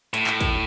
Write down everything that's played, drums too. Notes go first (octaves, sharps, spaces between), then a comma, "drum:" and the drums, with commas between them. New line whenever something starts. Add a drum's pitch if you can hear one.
A2, drum: hi-hat
drum: clap
drum: kick, hi-hat